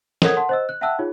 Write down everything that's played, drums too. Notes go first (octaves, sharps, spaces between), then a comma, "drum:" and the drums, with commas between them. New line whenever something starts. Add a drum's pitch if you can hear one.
A4 A#4 C#5 F#5 D#6 G#6, drum: snare
F#5 A5 C6
C5 D#5 E6
F#6
E5 F#5 G5 A5 E6 F#6
D#4 F4 G#4 C#5